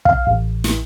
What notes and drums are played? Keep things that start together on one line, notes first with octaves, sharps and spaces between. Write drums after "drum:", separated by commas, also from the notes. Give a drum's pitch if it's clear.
F5, drum: kick
A1
drum: snare